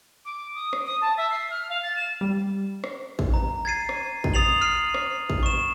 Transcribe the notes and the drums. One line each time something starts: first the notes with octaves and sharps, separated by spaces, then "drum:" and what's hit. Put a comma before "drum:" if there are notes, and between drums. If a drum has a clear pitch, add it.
D6
D#6
drum: rim click
D#6
A5
E5
C7
F6
F5
A6
E7
G3
drum: rim click
drum: kick A1
A#5
G#6 A6 C7 D#7
drum: rim click
drum: kick A1
D#6 A6 C7 F7 F#7
F6 C7 D#7
drum: rim click
drum: kick A1
C#6 E7